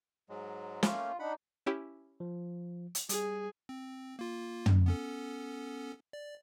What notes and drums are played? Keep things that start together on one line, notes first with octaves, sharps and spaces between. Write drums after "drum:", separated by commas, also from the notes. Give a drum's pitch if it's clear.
G#2 F#3 G#3
A3 A#3 C#4 F4, drum: snare
D4 D#4 F#5 B5
C#4 E4 G4
F3
drum: hi-hat
G3 G#4, drum: hi-hat
C4
A#3 F4
drum: tom
B3 C#4 A4
D5